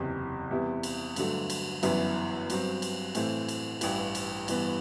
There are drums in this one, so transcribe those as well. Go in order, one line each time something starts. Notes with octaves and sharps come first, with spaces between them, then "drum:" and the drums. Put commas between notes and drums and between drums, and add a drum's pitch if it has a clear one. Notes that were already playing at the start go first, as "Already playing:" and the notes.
Already playing: F#1 E2 C3
E2 C3 G3 B3 E4
drum: cymbal
G2 D3 F#3 A3, drum: cymbal
drum: cymbal
G1 F#2 E3 B3 E4, drum: cymbal
G2 F#3 C4, drum: cymbal
drum: cymbal
A2 E3 A3 C4 E4, drum: cymbal
drum: cymbal
A1 G2 E3, drum: cymbal
drum: cymbal
A1 G2 E3 B3, drum: cymbal